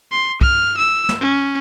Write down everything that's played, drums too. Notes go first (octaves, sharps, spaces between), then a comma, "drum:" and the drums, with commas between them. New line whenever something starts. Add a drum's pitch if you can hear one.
C6
F6, drum: kick
E6
drum: snare
C#4